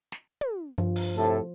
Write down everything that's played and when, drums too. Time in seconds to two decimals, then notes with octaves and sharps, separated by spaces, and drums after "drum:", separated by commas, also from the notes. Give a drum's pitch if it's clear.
0.12 drum: snare
0.41 drum: tom
0.78 G2 F3
0.96 drum: open hi-hat
1.17 A2 C3 A4